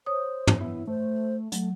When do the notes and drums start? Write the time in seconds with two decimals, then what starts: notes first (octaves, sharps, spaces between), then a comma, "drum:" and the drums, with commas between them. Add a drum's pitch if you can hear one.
0.06 C5 C#5 D#6
0.47 drum: tom
0.60 B3 E4
0.87 A3 C5
1.52 F#3 A3, drum: hi-hat